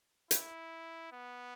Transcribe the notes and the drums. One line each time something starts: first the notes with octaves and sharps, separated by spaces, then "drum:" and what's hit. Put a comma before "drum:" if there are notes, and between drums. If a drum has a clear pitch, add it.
E4, drum: hi-hat
B3